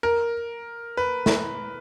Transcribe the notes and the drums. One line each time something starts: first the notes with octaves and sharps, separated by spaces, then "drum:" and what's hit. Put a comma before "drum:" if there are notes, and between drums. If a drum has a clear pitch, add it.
A#4
B4
drum: snare